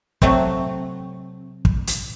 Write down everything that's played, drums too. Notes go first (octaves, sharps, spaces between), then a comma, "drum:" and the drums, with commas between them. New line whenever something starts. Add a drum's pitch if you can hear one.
C3 F#3 A3 C4, drum: kick
drum: kick
drum: hi-hat